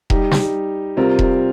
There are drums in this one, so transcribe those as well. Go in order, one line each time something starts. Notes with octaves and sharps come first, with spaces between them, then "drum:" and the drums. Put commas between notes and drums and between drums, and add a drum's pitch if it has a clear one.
G3 D#4 G4, drum: kick E1
drum: snare
C3 G3 C4 F4 A#4
drum: kick E1